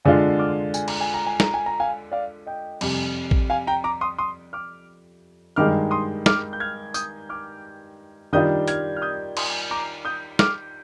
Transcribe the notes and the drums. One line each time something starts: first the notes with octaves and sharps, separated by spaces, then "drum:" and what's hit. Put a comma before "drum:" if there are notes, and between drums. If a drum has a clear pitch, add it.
D3 G#3 D4 F4 F5 G#5
D6 F6
G#5, drum: tambourine
A#5, drum: cymbal
G#5
A#5
G#5
A#5, drum: snare
G#5
A#5
F5 G#5
D5 F5
D#5 G5
F2 C3 G3, drum: cymbal
drum: kick A1
F5 G#5
G5 A#5
A#5 D6
C6 D#6
C6 D#6
D6 F6
G2 D#3 G#3 D6 F6
C6 D#6
D6 F6, drum: snare
G6
F6 G#6
D#6 G6, drum: tambourine
D6 F6
D#3 G3 D4 F4 D#6 G6
F6 G#6, drum: hi-hat
F6
D#6 G6
C6 D#6, drum: cymbal
A#5 D6
D#6 G6
D6 F6, drum: snare